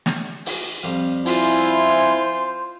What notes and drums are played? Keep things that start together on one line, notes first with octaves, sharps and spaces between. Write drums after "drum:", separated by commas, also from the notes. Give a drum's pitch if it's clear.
drum: snare
drum: open hi-hat
F2 G3 F5
E4 F4 C5 G#5, drum: open hi-hat